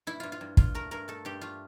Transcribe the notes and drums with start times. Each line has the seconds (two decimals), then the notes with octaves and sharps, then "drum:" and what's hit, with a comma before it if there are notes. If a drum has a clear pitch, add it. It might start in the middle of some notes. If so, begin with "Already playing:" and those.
0.07 G2 E4
0.20 G2 F4
0.32 F4
0.41 G2
0.57 G2 F4, drum: kick
0.74 A3 A#4
0.91 G2 A#4
1.08 A3 A4
1.25 G2 G4
1.41 A3 F4